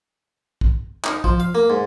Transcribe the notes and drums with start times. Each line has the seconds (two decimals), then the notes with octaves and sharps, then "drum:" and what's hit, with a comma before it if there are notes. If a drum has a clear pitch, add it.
0.61 drum: kick
1.05 D#4, drum: clap
1.24 F3, drum: kick
1.40 F5
1.55 A#3
1.70 G#2